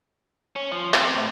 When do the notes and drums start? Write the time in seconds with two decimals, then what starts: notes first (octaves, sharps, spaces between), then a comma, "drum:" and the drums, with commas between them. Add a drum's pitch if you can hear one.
0.56 C#4
0.72 F3
0.94 C4, drum: clap
1.15 A2